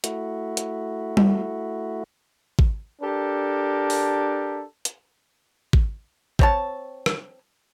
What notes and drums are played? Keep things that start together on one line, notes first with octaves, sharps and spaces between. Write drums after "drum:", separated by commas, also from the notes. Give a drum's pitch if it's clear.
A3 E4 F#4, drum: hi-hat
drum: hi-hat
drum: tom G3
drum: kick G#1
D4 G4 A4 A#4
drum: open hi-hat
drum: hi-hat
drum: kick G#1
C4 C#5 A5, drum: kick G#1
drum: rim click